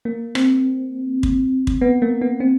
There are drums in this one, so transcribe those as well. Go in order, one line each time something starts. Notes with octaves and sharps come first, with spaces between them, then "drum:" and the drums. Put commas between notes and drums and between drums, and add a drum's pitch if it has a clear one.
A#3
C4, drum: rim click
drum: kick
drum: kick
B3
A#3
B3
C4